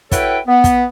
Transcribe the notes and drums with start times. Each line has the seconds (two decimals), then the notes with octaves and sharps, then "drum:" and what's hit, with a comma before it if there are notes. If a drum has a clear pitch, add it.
0.12 E4 F#4 A4 B4 C#5 G5, drum: kick, hi-hat
0.47 B3
0.64 drum: kick, hi-hat